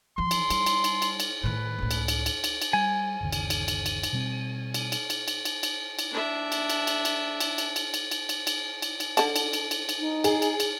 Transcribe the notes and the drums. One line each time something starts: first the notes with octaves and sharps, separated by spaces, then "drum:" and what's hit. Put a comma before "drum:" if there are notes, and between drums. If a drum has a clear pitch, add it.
E3 F3 C6
drum: cymbal
G3, drum: cymbal
drum: cymbal
drum: cymbal
drum: cymbal
drum: cymbal
A2 D#3 B4
C#2 A2
drum: cymbal
drum: cymbal
drum: cymbal
drum: cymbal
drum: cymbal
G3 G#5
G1 D#2 C#3
drum: cymbal
drum: cymbal
drum: cymbal
drum: cymbal
drum: cymbal
B2 G3 C4
drum: cymbal
drum: cymbal
drum: cymbal
drum: cymbal
drum: cymbal
drum: cymbal
drum: cymbal
D4 E5
drum: cymbal
drum: cymbal
drum: cymbal
drum: cymbal
drum: cymbal
drum: cymbal
drum: cymbal
drum: cymbal
drum: cymbal
drum: cymbal
drum: cymbal
drum: cymbal
drum: cymbal
D3 A5, drum: cymbal
drum: cymbal
drum: cymbal
drum: cymbal
drum: cymbal
D#4
G#4, drum: cymbal
drum: cymbal
drum: cymbal